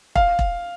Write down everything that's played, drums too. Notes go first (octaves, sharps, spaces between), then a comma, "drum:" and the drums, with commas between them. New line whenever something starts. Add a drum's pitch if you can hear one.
F5, drum: kick E1
drum: kick E1